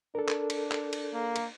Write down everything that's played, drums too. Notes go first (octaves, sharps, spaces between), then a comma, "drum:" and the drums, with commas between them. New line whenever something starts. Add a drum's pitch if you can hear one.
D4 A4 A#4
drum: clap
drum: cymbal
drum: clap
drum: cymbal
A#3
drum: cymbal